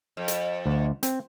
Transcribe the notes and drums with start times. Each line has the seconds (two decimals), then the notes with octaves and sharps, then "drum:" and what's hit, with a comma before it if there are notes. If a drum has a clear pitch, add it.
0.17 F2
0.28 drum: hi-hat
0.66 D2
1.03 C4, drum: hi-hat